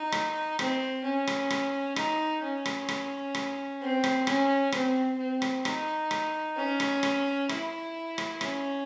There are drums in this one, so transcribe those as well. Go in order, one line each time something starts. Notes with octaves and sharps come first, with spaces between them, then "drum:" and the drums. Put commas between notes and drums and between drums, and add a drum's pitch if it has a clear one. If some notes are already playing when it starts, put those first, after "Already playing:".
Already playing: D#4
drum: rim click
C4, drum: rim click
C#4
drum: rim click
drum: rim click
D#4, drum: rim click
C#4
drum: rim click
drum: rim click
drum: rim click
C4
drum: rim click
C#4, drum: rim click
C4, drum: rim click
C4
drum: rim click
D#4, drum: rim click
drum: rim click
C#4
drum: rim click
drum: rim click
E4, drum: rim click
drum: rim click
C#4, drum: rim click